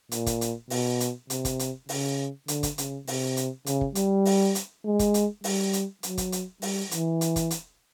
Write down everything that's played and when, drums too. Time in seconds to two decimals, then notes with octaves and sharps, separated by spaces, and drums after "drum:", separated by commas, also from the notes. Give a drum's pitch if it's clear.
0.11 A#2, drum: hi-hat
0.26 drum: kick, hi-hat
0.41 drum: hi-hat
0.70 B2, drum: open hi-hat
1.00 drum: hi-hat
1.30 C3, drum: hi-hat
1.45 drum: kick, hi-hat
1.59 drum: hi-hat
1.89 C#3, drum: open hi-hat
2.48 D3, drum: hi-hat
2.63 drum: kick, hi-hat
2.78 C#3, drum: hi-hat
3.07 C3, drum: open hi-hat
3.37 drum: hi-hat
3.66 C#3, drum: hi-hat
3.81 drum: kick
3.95 G3, drum: hi-hat
4.25 drum: open hi-hat
4.55 drum: hi-hat
4.85 G#3
4.99 drum: kick, hi-hat
5.14 drum: hi-hat
5.44 G3, drum: open hi-hat
5.73 drum: hi-hat
6.03 F#3, drum: hi-hat
6.18 drum: kick, hi-hat
6.32 drum: hi-hat
6.62 G3, drum: open hi-hat
6.91 E3, drum: hi-hat
7.21 drum: hi-hat
7.36 drum: kick, hi-hat
7.51 drum: hi-hat